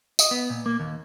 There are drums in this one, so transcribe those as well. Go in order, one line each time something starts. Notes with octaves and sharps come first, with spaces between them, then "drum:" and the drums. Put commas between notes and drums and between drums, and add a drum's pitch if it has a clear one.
D#5, drum: tambourine
B3
A#2
A#3
D#2